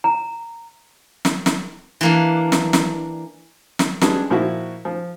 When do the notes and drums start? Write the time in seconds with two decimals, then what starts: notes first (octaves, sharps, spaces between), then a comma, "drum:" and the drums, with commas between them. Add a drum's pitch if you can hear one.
0.04 A#5
1.25 drum: snare
1.46 drum: snare
2.01 E3 A#3 D4
2.52 drum: snare
2.73 drum: snare
3.79 drum: snare
4.01 G3 G#3 B3 C#4 D4 F#4, drum: snare
4.30 A#2 F3 E4 F#4
4.85 F3